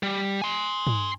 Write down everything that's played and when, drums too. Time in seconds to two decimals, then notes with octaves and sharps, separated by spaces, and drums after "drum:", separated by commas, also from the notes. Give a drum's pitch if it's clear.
0.03 G3
0.42 G#5 C6
0.87 drum: tom